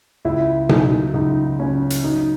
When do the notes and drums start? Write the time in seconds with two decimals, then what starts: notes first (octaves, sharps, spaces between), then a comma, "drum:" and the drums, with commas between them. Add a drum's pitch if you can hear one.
0.25 C#2 E4
0.69 F#3 D#4, drum: tom B2
1.14 C#2 D#4
1.59 C#3 C#4
1.90 drum: hi-hat
2.03 F#3 D#4